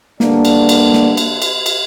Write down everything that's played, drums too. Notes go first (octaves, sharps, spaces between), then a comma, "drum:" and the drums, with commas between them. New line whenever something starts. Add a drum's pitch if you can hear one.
D3 G3 A#3 B3 D4, drum: snare
drum: cymbal
drum: cymbal
drum: snare
drum: cymbal
drum: cymbal
drum: cymbal